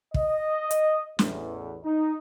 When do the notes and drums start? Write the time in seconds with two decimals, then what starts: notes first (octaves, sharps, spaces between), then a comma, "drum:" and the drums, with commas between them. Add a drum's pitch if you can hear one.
0.14 D#5, drum: kick
0.71 drum: hi-hat
1.19 A1 E2, drum: snare
1.84 D#4